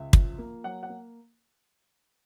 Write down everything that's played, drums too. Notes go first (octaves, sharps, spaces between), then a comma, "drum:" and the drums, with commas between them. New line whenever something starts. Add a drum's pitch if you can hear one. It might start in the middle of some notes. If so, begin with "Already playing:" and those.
Already playing: C#2 E5
F3, drum: kick
A#3
F#3 F#5
F#5
A#3